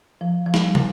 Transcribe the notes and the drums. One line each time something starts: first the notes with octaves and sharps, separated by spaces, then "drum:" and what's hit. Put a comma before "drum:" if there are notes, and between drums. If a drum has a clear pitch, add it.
F3
F3
G3, drum: snare
drum: tom